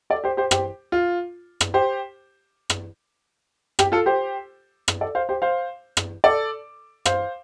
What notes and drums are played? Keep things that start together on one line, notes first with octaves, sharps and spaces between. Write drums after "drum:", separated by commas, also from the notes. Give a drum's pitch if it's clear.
A4 D5
G4 C5
G4 C5
G4 C5, drum: rim click
F4
drum: rim click
G4 C5
drum: rim click
G4, drum: rim click
F4 A4
G4 C5
drum: rim click
A4 D5
C5 F5
G4 C5
C5 F5
drum: rim click
A4 D5
C5 F5, drum: rim click